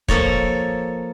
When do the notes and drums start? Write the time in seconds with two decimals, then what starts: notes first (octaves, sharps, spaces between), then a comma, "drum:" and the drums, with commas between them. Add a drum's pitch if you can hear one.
0.08 F3 A#3 A4 C#5, drum: kick